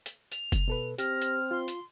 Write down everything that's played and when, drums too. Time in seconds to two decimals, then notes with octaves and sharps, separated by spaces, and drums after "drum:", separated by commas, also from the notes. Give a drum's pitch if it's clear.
0.06 drum: hi-hat
0.32 F7, drum: hi-hat
0.52 drum: kick F#1, hi-hat
0.68 B2 A4 B4
0.98 C4 G4 F6 A#6, drum: hi-hat
1.22 drum: hi-hat
1.51 F4 C6
1.68 drum: hi-hat